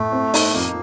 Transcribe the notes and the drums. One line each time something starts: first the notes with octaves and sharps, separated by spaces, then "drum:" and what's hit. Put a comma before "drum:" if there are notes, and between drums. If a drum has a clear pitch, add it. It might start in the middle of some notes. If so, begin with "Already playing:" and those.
Already playing: A2 A3
C4
D#4, drum: open hi-hat
F2 A#3